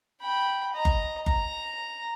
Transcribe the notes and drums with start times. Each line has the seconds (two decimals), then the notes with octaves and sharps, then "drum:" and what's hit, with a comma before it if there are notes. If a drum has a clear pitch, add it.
0.22 G5 B5
0.74 D#5 A#5
0.85 drum: kick F#1
1.26 A#5, drum: kick F#1